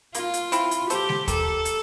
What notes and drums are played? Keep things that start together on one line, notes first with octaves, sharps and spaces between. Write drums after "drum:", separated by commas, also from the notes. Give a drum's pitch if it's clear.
A#3 F4, drum: hi-hat
drum: hi-hat
C4 E4, drum: hi-hat
drum: hi-hat
G4 A4 C5, drum: hi-hat
drum: snare G#3
G4 A4 A#4, drum: kick D#2, hi-hat
drum: hi-hat